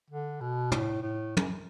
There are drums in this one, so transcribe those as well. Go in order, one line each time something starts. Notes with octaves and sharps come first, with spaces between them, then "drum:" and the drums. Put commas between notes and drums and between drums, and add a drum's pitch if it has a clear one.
D3
B2
A2, drum: tom
A2
F#2, drum: tom